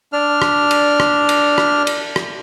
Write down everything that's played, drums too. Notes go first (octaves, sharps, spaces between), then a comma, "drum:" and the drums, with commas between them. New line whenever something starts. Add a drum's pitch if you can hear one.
D4 F6
drum: rim click
drum: cymbal
drum: rim click
drum: cymbal
drum: rim click
drum: cymbal
drum: rim click